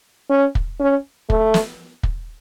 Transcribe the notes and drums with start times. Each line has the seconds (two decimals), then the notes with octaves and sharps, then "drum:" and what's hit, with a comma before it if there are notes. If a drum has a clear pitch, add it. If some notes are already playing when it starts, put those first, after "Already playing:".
0.30 C#4
0.55 drum: kick
0.80 C#4
1.30 A3, drum: kick
1.54 drum: snare
2.03 drum: kick